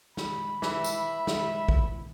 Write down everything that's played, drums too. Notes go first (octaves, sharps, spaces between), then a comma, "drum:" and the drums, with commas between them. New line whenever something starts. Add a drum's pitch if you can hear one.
B5, drum: snare
E3 E5, drum: snare
drum: tambourine
drum: snare
drum: kick